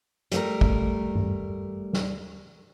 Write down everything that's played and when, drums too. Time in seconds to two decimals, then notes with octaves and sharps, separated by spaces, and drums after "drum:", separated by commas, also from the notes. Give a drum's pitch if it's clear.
0.32 G3 A3 A#4, drum: hi-hat
0.61 drum: kick
1.15 drum: tom G2
1.93 drum: snare